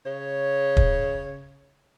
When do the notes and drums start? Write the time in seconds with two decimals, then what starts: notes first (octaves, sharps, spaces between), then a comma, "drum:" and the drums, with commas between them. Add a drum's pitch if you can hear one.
0.06 C#3 C#5
0.77 drum: kick